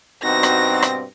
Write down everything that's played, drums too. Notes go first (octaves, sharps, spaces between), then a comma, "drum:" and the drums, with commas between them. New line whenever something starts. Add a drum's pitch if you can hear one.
G2 B2 C4 D#4 F#4 A#6
drum: rim click
drum: rim click